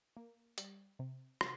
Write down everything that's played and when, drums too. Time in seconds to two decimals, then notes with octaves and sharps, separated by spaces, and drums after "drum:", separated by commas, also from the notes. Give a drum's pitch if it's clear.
0.17 A#3
0.58 G3, drum: hi-hat
0.99 C3
1.41 C3 C6, drum: rim click